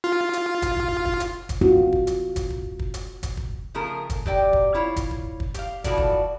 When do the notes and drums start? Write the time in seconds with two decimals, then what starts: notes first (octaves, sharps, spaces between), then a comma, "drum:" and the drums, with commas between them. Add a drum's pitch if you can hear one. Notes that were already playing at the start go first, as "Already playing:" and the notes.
0.04 F4
0.33 drum: hi-hat
0.62 drum: kick, hi-hat
0.77 drum: kick
1.06 drum: kick
1.20 drum: hi-hat
1.49 drum: kick, hi-hat
1.61 C4 F4 F#4, drum: kick
1.92 drum: kick
2.07 drum: hi-hat
2.36 drum: kick, hi-hat
2.50 drum: kick
2.79 drum: kick
2.94 drum: hi-hat
3.23 drum: kick, hi-hat
3.37 drum: kick
3.75 C#3 F3 A3 G#4 A#4
4.10 drum: kick, hi-hat
4.26 F#3 G4 D5 G5, drum: kick
4.53 drum: kick
4.74 E4 F4 C#5
4.96 drum: kick, hi-hat
5.11 drum: kick
5.40 drum: kick
5.54 G4 F5, drum: hi-hat
5.84 E3 F3 F#4 A4 D5, drum: kick, hi-hat
5.98 drum: kick